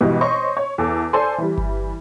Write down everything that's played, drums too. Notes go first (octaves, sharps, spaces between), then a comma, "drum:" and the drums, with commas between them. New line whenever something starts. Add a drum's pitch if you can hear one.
G#1 B2 E3 G3
C5 C#5 D#5 C6 C#6
C#5
E2 A4
A4 C5 D5 G#5 C6
E3 G3
drum: kick G1